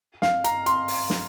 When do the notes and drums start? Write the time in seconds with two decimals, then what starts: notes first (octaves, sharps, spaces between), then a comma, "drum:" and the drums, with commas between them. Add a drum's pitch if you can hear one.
0.22 F5, drum: snare
0.44 A#5, drum: hi-hat
0.66 C6, drum: hi-hat
0.88 drum: open hi-hat
1.10 drum: snare